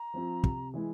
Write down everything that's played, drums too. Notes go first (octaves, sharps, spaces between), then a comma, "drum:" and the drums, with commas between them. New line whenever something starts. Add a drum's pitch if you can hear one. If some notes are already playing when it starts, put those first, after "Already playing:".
Already playing: A#5
F3 C4 F4
C3, drum: kick
E3 G#3 E4